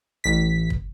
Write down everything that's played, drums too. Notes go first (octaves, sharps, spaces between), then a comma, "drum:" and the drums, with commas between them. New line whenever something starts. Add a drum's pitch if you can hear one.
A1 B6
drum: kick